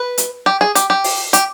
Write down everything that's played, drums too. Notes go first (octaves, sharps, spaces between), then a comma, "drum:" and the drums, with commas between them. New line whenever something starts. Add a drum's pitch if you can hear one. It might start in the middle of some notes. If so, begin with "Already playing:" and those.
Already playing: B4
drum: hi-hat
G4
G#4
G4, drum: hi-hat
G4
drum: open hi-hat
G4, drum: hi-hat